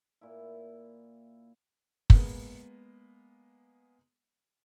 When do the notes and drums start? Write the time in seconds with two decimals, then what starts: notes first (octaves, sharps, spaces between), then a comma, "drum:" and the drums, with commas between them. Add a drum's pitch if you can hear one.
0.21 A#2 E4
2.10 G#3 A#3 B3, drum: kick